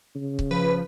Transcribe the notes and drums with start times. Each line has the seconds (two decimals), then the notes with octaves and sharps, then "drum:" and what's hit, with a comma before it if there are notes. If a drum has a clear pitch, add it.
0.15 C#3
0.39 drum: kick C#1
0.51 F3 B4